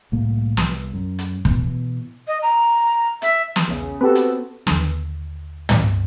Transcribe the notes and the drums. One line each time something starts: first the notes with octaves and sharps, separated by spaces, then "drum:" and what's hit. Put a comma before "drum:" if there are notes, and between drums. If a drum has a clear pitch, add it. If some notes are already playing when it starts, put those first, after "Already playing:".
C2 A2 A#3
C2, drum: snare
F#2
drum: hi-hat
B2 E3, drum: kick
D#5
A#5
E5, drum: hi-hat
drum: snare
B1 E2 C#3
B3 C4 F#4 G4 A4 B4
drum: hi-hat
D#2 D3, drum: snare
drum: tom